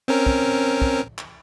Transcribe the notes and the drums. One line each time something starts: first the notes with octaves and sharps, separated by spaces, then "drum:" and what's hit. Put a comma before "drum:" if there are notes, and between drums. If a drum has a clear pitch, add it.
C4 C#4 A#4
drum: kick
drum: kick
drum: clap